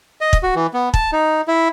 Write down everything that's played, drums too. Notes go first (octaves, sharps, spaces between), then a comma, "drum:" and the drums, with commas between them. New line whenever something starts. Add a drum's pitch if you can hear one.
D#5
drum: kick
F#4
E3
B3
A5, drum: kick
D#4
E4